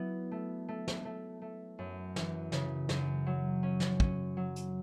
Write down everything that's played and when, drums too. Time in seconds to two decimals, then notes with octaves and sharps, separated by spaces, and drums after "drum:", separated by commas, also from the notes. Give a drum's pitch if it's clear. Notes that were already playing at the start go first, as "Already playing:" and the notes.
Already playing: F#3 B3 E4
0.31 A3
0.68 A3
0.88 drum: snare
1.05 A3
1.42 A3
1.79 F#2
2.16 E3, drum: snare
2.52 C#3, drum: snare
2.89 F#2, drum: snare
3.26 F#3
3.63 C#4
3.80 drum: snare
4.00 C#4, drum: kick
4.37 F#3
4.56 drum: hi-hat